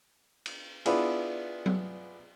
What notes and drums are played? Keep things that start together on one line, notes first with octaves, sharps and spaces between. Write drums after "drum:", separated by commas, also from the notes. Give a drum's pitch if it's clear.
drum: cymbal
B3 D4 E4 F4 G#4, drum: cymbal
drum: tom F#3